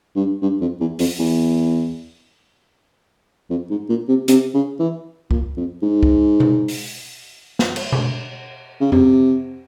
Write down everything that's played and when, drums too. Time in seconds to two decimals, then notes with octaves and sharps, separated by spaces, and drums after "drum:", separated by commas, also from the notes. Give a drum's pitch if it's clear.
0.16 G2
0.42 G2
0.61 F2
0.80 E2
0.99 F2, drum: open hi-hat
1.19 E2
3.50 F2
3.70 G#2
3.89 A#2
4.08 C3
4.28 C3, drum: hi-hat
4.54 C#3
4.79 E3
5.31 A#2, drum: kick
5.57 F2
5.82 G#2
6.03 drum: kick
6.40 drum: tom B2
6.68 drum: open hi-hat
7.59 drum: snare
7.76 drum: cymbal
7.92 drum: tom B2
8.80 C#3
8.92 C3, drum: tom F2